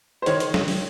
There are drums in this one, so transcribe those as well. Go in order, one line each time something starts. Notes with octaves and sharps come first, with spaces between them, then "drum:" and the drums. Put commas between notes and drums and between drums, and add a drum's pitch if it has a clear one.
C5
D#3 C#5, drum: hi-hat
drum: hi-hat
drum: snare
drum: open hi-hat